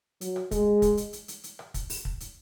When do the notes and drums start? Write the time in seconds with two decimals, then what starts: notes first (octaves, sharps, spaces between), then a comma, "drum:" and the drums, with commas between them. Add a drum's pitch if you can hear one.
0.21 F#3, drum: hi-hat
0.36 drum: rim click
0.51 G#3, drum: kick, hi-hat
0.82 drum: kick, hi-hat
0.97 drum: hi-hat
1.13 drum: hi-hat
1.28 drum: hi-hat
1.44 drum: hi-hat
1.59 drum: rim click
1.74 drum: kick, hi-hat
1.90 drum: open hi-hat
2.05 drum: kick
2.20 drum: hi-hat